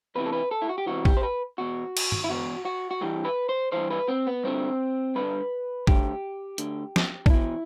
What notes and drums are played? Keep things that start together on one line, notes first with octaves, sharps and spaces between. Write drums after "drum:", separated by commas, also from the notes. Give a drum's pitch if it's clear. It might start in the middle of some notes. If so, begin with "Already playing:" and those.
E2 C3 E3 B4
A4
B4
A4
E4
F#4
G4
E2 C3 E3 F#4
G4, drum: kick
C5
B4
E2 B2 F#4
drum: cymbal
drum: tom G2
E4
E2 B2 F#4
F#4
F#4
G2 E3 G4
B4
C5
G2 E3 C5
B4
C4
B3
G2 D3 C4
G2 D3 B4
D2 D3 G4, drum: kick
D2 D3, drum: hi-hat
drum: snare
D4, drum: kick
E2 B2 E4